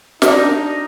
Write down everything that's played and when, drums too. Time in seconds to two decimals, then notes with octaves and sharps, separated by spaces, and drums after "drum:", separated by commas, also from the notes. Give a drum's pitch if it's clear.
0.22 D4 D#4, drum: snare